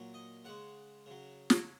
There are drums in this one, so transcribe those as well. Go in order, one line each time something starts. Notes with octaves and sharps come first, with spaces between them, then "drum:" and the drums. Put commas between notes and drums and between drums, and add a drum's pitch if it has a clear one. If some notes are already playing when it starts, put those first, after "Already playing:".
Already playing: A#2 F#3
D#5
C#3 G#3 F#5
C#3 F#3
drum: snare